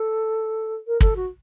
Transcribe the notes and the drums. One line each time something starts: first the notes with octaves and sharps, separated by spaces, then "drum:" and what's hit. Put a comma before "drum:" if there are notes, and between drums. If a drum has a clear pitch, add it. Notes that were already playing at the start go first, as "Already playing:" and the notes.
Already playing: A4
A#4
A4, drum: kick
F#4